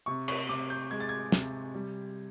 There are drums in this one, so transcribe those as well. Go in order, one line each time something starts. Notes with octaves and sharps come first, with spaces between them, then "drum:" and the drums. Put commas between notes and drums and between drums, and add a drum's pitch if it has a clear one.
C3 C#6
C#6, drum: cymbal
C3 D6
G6
G#3 G#6
A6
G#6
C3, drum: snare
G3